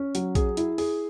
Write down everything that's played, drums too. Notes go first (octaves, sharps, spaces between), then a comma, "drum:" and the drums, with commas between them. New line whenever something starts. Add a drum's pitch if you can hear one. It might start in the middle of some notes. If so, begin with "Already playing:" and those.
Already playing: C#4
F#3, drum: hi-hat
G#4, drum: kick A#1, hi-hat
E4, drum: hi-hat
G#4, drum: open hi-hat